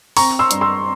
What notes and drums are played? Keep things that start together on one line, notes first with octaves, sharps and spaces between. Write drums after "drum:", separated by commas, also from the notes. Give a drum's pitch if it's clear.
C4 A#5 C#6, drum: open hi-hat
C6 E6
G2, drum: hi-hat
C6 E6